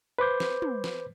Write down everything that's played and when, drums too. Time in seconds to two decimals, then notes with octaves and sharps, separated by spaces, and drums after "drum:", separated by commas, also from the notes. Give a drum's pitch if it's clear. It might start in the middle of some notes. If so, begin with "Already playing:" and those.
0.19 B4 C5 D6 G6
0.40 drum: snare
0.62 drum: tom
0.84 drum: snare